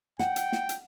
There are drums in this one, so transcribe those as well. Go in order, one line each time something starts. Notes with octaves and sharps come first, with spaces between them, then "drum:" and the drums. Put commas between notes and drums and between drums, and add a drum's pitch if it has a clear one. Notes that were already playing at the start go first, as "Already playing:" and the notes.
F#5 G5, drum: snare
drum: hi-hat
drum: snare
drum: hi-hat